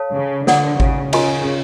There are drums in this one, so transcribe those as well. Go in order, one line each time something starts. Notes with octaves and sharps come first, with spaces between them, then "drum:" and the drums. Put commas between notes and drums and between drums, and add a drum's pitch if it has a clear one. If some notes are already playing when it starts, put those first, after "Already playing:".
Already playing: A4 C#5 F5 A5
C#3
D3 A4 D5 F#5, drum: snare
C#3, drum: kick G#1
C#3 F4 A#4 D#5 G#5 C6, drum: cymbal